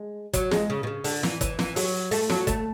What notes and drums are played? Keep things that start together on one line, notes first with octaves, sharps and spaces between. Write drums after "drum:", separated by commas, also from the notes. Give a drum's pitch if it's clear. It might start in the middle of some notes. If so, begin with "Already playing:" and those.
Already playing: G#3
F#3, drum: kick, hi-hat
G#3, drum: snare
C#3
B2
C#3
D3, drum: open hi-hat
E3, drum: snare
E3, drum: kick, hi-hat
E3, drum: snare
F#3, drum: open hi-hat
A3, drum: open hi-hat
F#3, drum: snare
A3, drum: kick, hi-hat